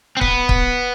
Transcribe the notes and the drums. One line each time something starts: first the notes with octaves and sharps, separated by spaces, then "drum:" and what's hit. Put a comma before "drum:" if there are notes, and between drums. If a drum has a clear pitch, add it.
C4
B3, drum: kick C#1
drum: kick C#1